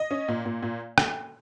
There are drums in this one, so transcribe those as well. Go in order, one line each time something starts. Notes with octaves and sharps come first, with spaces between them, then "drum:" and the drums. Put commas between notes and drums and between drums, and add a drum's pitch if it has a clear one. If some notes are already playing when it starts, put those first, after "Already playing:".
Already playing: D#5
C#4
A#2
A#2
A#2
drum: rim click